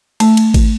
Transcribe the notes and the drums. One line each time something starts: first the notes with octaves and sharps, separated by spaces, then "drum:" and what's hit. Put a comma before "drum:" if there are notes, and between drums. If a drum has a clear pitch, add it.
A3, drum: cymbal
drum: cymbal
drum: kick G#1, cymbal